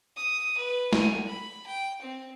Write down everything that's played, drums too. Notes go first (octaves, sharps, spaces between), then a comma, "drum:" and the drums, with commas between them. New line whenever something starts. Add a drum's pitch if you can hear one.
D#6
B4
G#5, drum: snare
B5
G5
C4